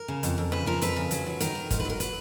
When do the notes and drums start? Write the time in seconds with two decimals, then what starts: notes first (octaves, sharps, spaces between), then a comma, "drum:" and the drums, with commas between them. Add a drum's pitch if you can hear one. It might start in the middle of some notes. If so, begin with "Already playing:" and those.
Already playing: A#4
0.08 C#3
0.23 F2, drum: hi-hat
0.38 F2
0.52 C#3 B4, drum: rim click
0.66 F3 A#4
0.82 F2 B4, drum: hi-hat
0.96 C#3
1.11 F#3, drum: hi-hat
1.26 F#3
1.40 D#3 A#4, drum: hi-hat
1.55 D#3
1.71 G#2 A#4, drum: kick G1, hi-hat
1.80 B4
1.85 F#3 A#4
2.00 B4, drum: hi-hat